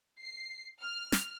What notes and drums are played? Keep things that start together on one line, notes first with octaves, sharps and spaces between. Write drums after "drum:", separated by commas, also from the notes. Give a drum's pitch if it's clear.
C7
F6
drum: snare